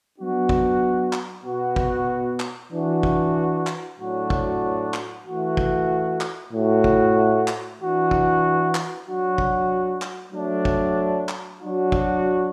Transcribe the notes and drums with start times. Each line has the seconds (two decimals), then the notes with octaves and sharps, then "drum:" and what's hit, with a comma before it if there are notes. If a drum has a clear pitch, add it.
0.18 F#3 B3 D4 F#4
0.49 drum: kick
1.13 drum: clap
1.44 B2 B3 F#4
1.76 drum: kick
2.40 drum: clap
2.72 E3 D4 F#4
3.03 drum: kick
3.67 drum: clap
3.99 A2 F#3 D4 F#4
4.30 drum: kick
4.94 drum: clap
5.25 E3 A3 F#4
5.57 drum: kick
6.21 drum: clap
6.53 A2 A3 F#4
6.84 drum: kick
7.48 drum: clap
7.80 E3 D4 F#4
8.11 drum: kick
8.75 drum: clap
9.07 F#3 D4 F#4
9.38 drum: kick
10.02 drum: clap
10.33 F#3 A3 D4
10.65 drum: kick
11.29 drum: clap
11.61 F#3 D4 F#4
11.92 drum: kick